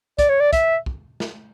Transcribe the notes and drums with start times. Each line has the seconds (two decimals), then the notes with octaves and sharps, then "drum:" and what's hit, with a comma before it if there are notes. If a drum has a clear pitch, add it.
0.19 D5, drum: kick, hi-hat
0.30 C#5
0.41 D5
0.53 E5, drum: kick, hi-hat
0.86 drum: kick
1.20 drum: snare